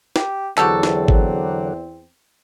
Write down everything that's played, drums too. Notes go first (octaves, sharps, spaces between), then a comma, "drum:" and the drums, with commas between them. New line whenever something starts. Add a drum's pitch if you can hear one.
G4, drum: snare
E2 D3 F#3 C4 F#4 G4 A4, drum: clap
drum: snare
drum: kick G#1